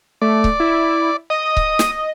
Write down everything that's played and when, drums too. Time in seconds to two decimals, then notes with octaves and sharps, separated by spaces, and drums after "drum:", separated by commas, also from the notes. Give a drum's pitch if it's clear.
0.22 A3 D5
0.44 drum: kick C#1
0.60 E4
1.30 D#5 D#6
1.57 drum: kick C#1
1.79 drum: snare